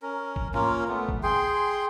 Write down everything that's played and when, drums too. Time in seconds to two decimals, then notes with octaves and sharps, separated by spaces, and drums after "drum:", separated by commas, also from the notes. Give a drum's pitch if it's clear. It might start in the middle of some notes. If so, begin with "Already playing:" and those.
0.02 C#4 A#4
0.36 drum: kick G#1
0.54 A#3 C#4 F4 A#4, drum: tom G#2
0.88 A3 B3
1.09 drum: kick G#1
1.23 G#4 G5 C6